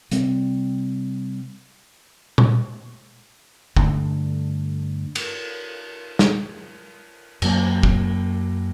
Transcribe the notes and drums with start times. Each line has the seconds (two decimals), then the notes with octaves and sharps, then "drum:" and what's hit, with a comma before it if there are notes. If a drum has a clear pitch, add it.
0.11 C3 G3 C4, drum: hi-hat
2.38 drum: tom A#2
3.77 G2 D3 A3 D4, drum: kick
5.15 drum: cymbal
6.19 drum: snare
7.42 F#2 F#3 A#3, drum: cymbal
7.83 drum: kick